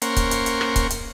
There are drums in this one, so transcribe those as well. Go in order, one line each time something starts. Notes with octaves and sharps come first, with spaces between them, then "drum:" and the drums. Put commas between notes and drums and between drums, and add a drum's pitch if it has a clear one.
A#3 C#4 A#4 C5 F#5, drum: hi-hat
drum: kick C#1, hi-hat
drum: hi-hat
drum: hi-hat
drum: rim click
drum: kick C#1, hi-hat
drum: hi-hat